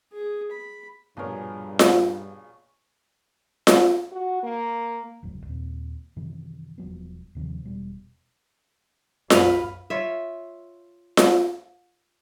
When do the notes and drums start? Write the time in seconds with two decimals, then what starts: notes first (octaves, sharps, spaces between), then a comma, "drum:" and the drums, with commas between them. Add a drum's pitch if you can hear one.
0.13 G#4
0.51 B5
1.17 A#1 G2 B2 G#4 A#4 C#5
1.79 drum: snare F4
3.67 drum: snare F4
4.12 F#4
4.43 A#3
5.23 E1 C#2 A2 F#3
5.46 D#2 A#2 C4
6.16 F#2 C3 D#3 E3
6.78 E1 F3 F#3 B3
7.35 D#2 C3 D#3 F3
7.65 E1 B2 G3
9.30 B1 F#2 B4 F5 F6, drum: snare F4
9.90 F4 C#5 E5
11.17 drum: snare F4